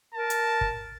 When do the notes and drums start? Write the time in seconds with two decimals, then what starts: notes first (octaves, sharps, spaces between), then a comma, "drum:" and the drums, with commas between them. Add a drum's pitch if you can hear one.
0.14 A#4 A5
0.30 drum: hi-hat
0.61 drum: kick